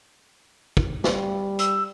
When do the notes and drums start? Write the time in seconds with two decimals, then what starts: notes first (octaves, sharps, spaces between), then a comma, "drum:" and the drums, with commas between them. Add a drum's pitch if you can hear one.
0.77 drum: kick
1.04 G3, drum: snare
1.59 E6, drum: hi-hat